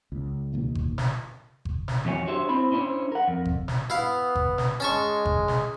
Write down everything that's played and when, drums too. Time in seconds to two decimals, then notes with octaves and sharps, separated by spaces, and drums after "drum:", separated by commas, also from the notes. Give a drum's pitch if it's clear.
0.12 C#2
0.53 B2 D#3 A#3
0.75 drum: kick G1
0.98 drum: snare
1.65 drum: kick G1
1.88 drum: snare
2.05 F2 D#3 F#3 C#5 G#5
2.27 D4 F#4 G4 C5 C#5 E5
2.49 C4 E4 C5 B5
2.72 C#4 D4 E4 C5 C#5
3.12 A#4 F#5
3.28 F2
3.45 drum: kick G1
3.68 drum: snare
3.90 B3 E4 F5
4.35 drum: kick G1
4.58 drum: snare
4.80 G#3 C#4 A5 C#6
5.25 drum: kick G1
5.48 drum: snare